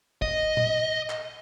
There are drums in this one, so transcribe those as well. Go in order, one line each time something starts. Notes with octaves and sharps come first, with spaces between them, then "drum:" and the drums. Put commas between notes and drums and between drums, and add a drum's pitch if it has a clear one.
D#5, drum: kick
drum: tom
drum: clap